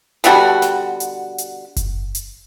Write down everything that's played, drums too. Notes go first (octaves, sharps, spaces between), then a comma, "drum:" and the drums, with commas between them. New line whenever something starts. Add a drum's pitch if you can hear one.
B2 D3 G3 F#4, drum: hi-hat
drum: snare
drum: hi-hat
drum: hi-hat
drum: kick F#1, hi-hat
drum: hi-hat